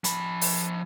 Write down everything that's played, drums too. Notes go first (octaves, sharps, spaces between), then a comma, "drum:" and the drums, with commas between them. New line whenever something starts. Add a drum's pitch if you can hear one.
F3 B5, drum: hi-hat
drum: open hi-hat